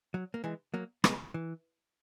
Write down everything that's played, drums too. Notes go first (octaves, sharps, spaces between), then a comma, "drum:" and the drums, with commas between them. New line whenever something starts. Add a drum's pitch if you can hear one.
F#3
A#3
E3 G#3
F#3 A#3
G#3 B3, drum: rim click
E3